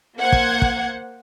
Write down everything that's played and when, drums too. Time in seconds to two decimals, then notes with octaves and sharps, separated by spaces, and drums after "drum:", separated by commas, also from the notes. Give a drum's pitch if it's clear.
0.18 A#3 C5 F#5 G#6
0.32 drum: kick
0.62 drum: kick